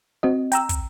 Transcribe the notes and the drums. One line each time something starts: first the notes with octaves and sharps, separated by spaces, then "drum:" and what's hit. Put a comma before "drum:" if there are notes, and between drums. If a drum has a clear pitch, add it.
C4 F#4 D#5
G5 A#5 E6, drum: hi-hat
drum: kick, hi-hat